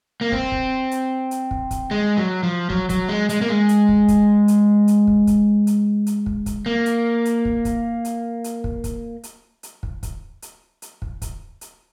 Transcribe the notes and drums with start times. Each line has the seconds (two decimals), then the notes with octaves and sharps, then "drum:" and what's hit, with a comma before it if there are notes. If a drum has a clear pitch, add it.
0.21 A#3
0.32 C4, drum: kick
0.52 drum: kick
0.91 drum: hi-hat
1.31 drum: hi-hat
1.51 drum: kick
1.71 drum: kick, hi-hat
1.91 G#3
2.18 F#3
2.43 F3
2.70 F#3, drum: kick
2.89 F#3, drum: kick, hi-hat
3.09 G#3
3.29 G#3, drum: hi-hat
3.41 A#3
3.49 G#3
3.69 drum: hi-hat
3.89 drum: kick
4.08 drum: kick, hi-hat
4.48 drum: hi-hat
4.88 drum: hi-hat
5.07 drum: kick
5.27 drum: kick, hi-hat
5.67 drum: hi-hat
6.07 drum: hi-hat
6.26 drum: kick
6.46 drum: kick, hi-hat
6.66 A#3
6.86 drum: hi-hat
7.25 drum: hi-hat
7.45 drum: kick
7.65 drum: kick, hi-hat
8.05 drum: hi-hat
8.44 drum: hi-hat
8.64 drum: kick
8.84 drum: kick, hi-hat
9.23 drum: hi-hat
9.63 drum: hi-hat
9.83 drum: kick
10.03 drum: kick, hi-hat
10.42 drum: hi-hat
10.82 drum: hi-hat
11.02 drum: kick
11.22 drum: kick, hi-hat
11.61 drum: hi-hat